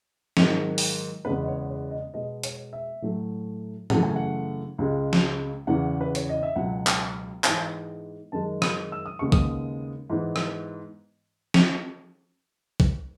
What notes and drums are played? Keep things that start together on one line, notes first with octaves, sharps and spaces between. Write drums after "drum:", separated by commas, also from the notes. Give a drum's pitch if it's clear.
G#2 D#3 F#3, drum: snare
drum: open hi-hat
E2 C#3 G#3 B3 B4
D#5
C#5
C#5
D#5
B2 G#3 B3 D#5
C#5, drum: hi-hat
E5
A2 F#3 A3
F#2 C#3 E3 A3 F#5, drum: tom
G#5
F#5
C#2 C#3 G#3
drum: snare
E2 C#3 E3 B3 F#5
B4
C#5, drum: hi-hat
D#5
E5
C#2 B2 F#3 F#5
drum: clap
G#2 E3 G#3 B3, drum: clap
F#2 D#3 G#3 A5
B5, drum: rim click
E6
D#6
D#2 C#3 G#3 B3 C#6
D#6, drum: kick
G#2 E3 B3
drum: rim click
drum: snare
drum: kick